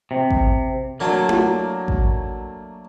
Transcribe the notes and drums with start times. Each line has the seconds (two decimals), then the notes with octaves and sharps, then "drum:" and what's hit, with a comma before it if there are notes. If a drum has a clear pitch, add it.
0.11 C3
0.30 drum: kick A1
1.00 F#3 A3 A#3 D4
1.29 drum: tom E4
1.88 drum: kick A1